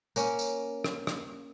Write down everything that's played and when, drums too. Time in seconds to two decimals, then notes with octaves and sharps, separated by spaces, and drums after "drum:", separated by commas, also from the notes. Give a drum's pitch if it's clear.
0.16 A#3 C#4, drum: tambourine
0.39 drum: tambourine
0.84 drum: rim click
1.07 drum: rim click